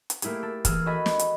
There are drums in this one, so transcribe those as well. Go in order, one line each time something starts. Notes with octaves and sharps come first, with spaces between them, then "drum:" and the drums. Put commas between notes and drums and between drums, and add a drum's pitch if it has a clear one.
drum: hi-hat
A3 A#3 E4 G4 G#4, drum: hi-hat
A4
E3 A#3 G#4 E6 F6, drum: kick, hi-hat
F#4 A4 D#5 F#5 G#5 B5
drum: snare
drum: hi-hat